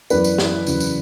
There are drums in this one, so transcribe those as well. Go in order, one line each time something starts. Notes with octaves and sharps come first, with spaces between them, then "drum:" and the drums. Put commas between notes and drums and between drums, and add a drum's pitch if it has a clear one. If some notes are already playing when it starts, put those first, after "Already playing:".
F#2 E3 B3 B4 D5, drum: tambourine
drum: tambourine
drum: snare
E2 C#3 F#3, drum: tambourine
drum: tambourine